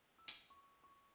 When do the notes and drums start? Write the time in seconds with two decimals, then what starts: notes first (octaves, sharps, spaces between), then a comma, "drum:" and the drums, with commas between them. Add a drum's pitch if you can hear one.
0.18 E6
0.28 drum: hi-hat
0.50 C#6
0.84 C#6